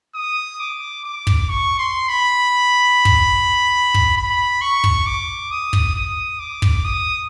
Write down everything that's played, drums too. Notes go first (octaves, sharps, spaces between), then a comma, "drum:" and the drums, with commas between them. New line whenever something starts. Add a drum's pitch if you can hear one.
D#6
D6
D6
drum: kick
C#6
C6
B5
drum: kick
drum: kick
B5
C#6
drum: kick
D6
D#6
drum: kick
D#6
D6
drum: kick
D#6